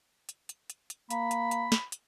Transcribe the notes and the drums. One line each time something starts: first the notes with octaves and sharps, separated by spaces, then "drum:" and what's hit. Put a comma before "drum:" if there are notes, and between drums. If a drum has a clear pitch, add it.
drum: hi-hat
drum: hi-hat
drum: hi-hat
drum: hi-hat
A#3 B5, drum: hi-hat
drum: hi-hat
drum: hi-hat
drum: snare
drum: hi-hat